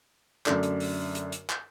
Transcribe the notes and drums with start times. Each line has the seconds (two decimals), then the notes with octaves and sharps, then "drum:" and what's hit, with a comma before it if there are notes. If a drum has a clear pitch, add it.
0.46 F#2 D3 A3 D4, drum: clap
0.63 drum: hi-hat
0.80 drum: open hi-hat
1.15 drum: hi-hat
1.32 drum: hi-hat
1.50 drum: clap